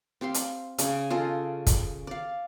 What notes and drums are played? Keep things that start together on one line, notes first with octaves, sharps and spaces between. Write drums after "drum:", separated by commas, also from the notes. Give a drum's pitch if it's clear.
C4 G4 F5 C6
drum: hi-hat
C#3, drum: hi-hat
F4 G#4 A4 D#5
drum: kick, hi-hat
D5 F5